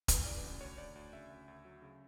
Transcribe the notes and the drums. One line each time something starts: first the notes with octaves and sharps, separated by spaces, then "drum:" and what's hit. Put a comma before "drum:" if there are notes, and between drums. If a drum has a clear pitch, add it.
E3 B4, drum: kick, hi-hat
C#3 D5
D2
D2 C#5
D2 D5
D2
C#3 E5
D2
D2
F#3
C#3